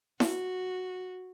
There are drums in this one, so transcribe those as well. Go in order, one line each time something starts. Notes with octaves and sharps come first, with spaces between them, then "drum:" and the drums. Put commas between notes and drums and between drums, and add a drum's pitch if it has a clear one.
F#4, drum: snare E4